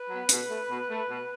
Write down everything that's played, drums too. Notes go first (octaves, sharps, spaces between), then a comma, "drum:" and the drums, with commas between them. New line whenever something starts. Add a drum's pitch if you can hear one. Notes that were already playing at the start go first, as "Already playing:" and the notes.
Already playing: B4
F#3 B3
B2, drum: hi-hat
A3
B2
A3
B2